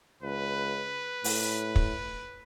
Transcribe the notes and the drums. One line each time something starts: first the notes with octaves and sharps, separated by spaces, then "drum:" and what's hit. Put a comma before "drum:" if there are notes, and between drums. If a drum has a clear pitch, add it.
C#2 B4
A2, drum: open hi-hat
drum: kick